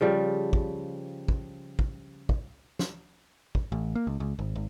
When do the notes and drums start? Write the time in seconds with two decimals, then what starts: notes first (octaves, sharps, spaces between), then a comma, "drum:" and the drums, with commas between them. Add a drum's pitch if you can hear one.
0.01 C#3 F3 G3
0.53 drum: kick
1.28 drum: kick
1.79 drum: kick
2.29 drum: kick
2.79 drum: snare
3.55 drum: kick
3.72 A1
3.95 A#3
4.07 C#2
4.20 C#2
4.39 G#1
4.56 G#1